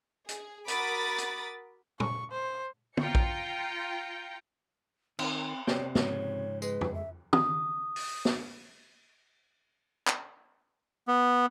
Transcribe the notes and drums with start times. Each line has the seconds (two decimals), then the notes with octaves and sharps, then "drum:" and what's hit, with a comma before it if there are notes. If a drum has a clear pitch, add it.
0.29 G#4, drum: hi-hat
0.68 F#4 A#4 B5 D6 D#6 A6, drum: hi-hat
1.18 drum: hi-hat
2.00 C#6, drum: tom A#2
2.32 C5
2.97 F4 G5 A#5 G6 C#7, drum: tom
3.15 drum: kick A#1
5.19 D#3 C4, drum: cymbal
5.67 C3 C#5 D5 G5, drum: snare
5.95 G#2 C#3 F3 C#5, drum: snare
6.62 G#3 B4, drum: tambourine
6.81 drum: tom
6.94 E5
7.33 D#6, drum: tom
7.96 drum: open hi-hat
8.25 drum: snare
10.07 drum: clap
11.08 B3